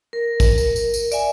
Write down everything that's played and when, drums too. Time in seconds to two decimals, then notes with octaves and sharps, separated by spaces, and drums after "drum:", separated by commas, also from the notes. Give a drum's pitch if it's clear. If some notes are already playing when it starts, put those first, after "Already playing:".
0.13 A#4
0.40 drum: kick, tambourine
0.58 drum: tambourine
0.76 drum: tambourine
0.94 drum: tambourine
1.12 D5 E5 G#5, drum: tambourine